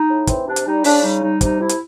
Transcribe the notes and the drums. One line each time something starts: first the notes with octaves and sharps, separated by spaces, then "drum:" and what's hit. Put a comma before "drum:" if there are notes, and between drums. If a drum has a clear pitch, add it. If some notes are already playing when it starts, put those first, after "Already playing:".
Already playing: D#4
A2
E3 C4, drum: kick, hi-hat
C3 D4
drum: hi-hat
G3 D#4
C#3 D4, drum: open hi-hat
G3 D#4
G3 D#4
C3 D#4, drum: kick, hi-hat
C3 E4
drum: hi-hat